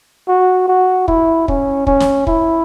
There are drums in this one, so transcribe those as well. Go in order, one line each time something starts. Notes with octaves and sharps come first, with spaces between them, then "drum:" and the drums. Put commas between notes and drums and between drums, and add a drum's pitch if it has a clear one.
F#4
F#4
E4, drum: kick
C#4, drum: kick
C#4, drum: kick
drum: snare
E4, drum: kick